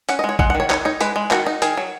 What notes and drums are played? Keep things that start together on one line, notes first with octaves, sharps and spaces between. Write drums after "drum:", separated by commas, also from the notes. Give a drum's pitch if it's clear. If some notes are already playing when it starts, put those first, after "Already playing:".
C#4 F#5, drum: hi-hat
D#5
G#3
C#5
G#3 F#5, drum: kick A1
F#5
D#3
C#5
D#4 C#5, drum: clap
D#4 C#5
G#3 B4, drum: hi-hat
G#3
D#3 F#4, drum: clap
D#4
D#3 G#4, drum: hi-hat
F#3